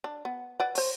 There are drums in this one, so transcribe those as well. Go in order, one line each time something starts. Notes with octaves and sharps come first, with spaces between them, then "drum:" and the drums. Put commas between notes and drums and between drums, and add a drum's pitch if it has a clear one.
D4
B3
B4 D5 F#5
C5 C#5, drum: open hi-hat